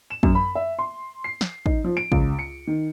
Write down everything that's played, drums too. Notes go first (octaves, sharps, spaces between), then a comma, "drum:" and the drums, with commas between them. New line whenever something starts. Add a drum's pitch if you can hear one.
E7
F#2, drum: kick
B5
E5
C6
C7
drum: snare
D#4, drum: kick
F3
D7
C#2, drum: kick
C#7
D#3